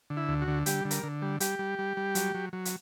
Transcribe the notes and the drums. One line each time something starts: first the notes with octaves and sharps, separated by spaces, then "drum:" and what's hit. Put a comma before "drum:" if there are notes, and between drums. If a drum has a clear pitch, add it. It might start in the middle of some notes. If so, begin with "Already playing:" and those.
D3
E4
D2
F#4
D3
G3 G4, drum: hi-hat
D3
A#4, drum: hi-hat
D3
G3
G3 G4, drum: hi-hat
G3
G3
G3
F#3, drum: hi-hat
F#3
F#3
drum: hi-hat